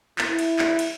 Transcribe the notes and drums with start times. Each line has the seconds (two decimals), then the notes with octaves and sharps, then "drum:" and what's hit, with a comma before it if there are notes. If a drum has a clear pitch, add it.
0.18 E4, drum: clap
0.39 drum: cymbal
0.59 drum: clap
0.79 drum: cymbal